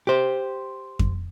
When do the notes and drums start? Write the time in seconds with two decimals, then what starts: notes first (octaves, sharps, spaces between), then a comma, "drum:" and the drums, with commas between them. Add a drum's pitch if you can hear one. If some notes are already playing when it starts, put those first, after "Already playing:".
0.07 G4 C5
0.99 drum: kick F2